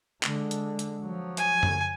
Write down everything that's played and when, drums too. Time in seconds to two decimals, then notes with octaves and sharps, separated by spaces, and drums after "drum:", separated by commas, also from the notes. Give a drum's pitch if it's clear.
0.23 D3 G#3, drum: clap
0.51 drum: hi-hat
0.79 drum: hi-hat
1.02 F3 F#3
1.37 G#5, drum: hi-hat
1.63 drum: tom F#2